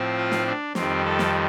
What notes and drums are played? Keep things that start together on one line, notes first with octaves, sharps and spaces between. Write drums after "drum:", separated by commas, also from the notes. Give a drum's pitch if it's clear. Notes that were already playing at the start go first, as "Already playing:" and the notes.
Already playing: A2 F3 C4
F4
drum: snare
D4
F2 D#3 G3 C4, drum: snare
A4
drum: snare